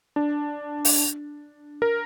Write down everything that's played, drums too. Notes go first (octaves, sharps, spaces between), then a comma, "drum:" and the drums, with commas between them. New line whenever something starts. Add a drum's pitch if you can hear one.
D4
drum: open hi-hat
A#4